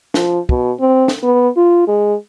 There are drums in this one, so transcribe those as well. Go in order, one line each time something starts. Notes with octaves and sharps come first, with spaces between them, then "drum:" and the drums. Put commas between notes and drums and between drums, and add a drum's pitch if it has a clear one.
F3, drum: snare
B2, drum: kick
C4
drum: snare
B3
F4
G#3